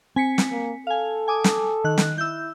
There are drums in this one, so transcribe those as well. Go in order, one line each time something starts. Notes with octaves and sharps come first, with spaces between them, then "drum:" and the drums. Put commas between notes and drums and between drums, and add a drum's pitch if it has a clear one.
C4 G#5 B6 C#7
drum: snare
A#3
A4 F5 G#5
G#5 D6 D#6
drum: snare
D#3 F#6
drum: snare
E4 E6 G6